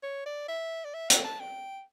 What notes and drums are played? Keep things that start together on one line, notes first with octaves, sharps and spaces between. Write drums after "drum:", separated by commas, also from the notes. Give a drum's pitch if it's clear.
C#5
D5
E5
D5
E5
G5, drum: hi-hat
A5
G5